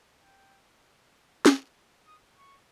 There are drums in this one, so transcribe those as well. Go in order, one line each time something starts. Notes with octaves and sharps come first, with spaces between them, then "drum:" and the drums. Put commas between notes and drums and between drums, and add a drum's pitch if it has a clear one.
G5
drum: snare
D#6
C#6